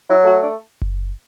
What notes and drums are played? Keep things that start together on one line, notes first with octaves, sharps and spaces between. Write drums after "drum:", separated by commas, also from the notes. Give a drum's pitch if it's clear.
F#3 E4
A3 F#4
D4
drum: kick F#1